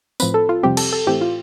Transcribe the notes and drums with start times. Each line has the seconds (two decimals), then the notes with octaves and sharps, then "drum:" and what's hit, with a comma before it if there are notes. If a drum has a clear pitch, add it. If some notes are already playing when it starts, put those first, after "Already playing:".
0.20 A2 F3 C4 B4, drum: tambourine
0.34 A4
0.49 F4
0.63 F2 C3 G3 C4 G4
0.77 A4, drum: cymbal
0.93 A4
1.07 A2 E3 A3 C4 G4
1.21 F4